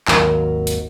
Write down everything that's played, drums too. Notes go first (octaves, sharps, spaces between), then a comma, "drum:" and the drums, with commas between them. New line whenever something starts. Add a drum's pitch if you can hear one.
G#1 D#2 F#3 A#4 F5, drum: clap
drum: hi-hat